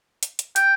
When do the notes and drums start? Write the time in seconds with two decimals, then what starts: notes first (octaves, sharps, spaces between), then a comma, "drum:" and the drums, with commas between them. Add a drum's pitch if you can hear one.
0.23 drum: hi-hat
0.39 drum: hi-hat
0.56 G5, drum: hi-hat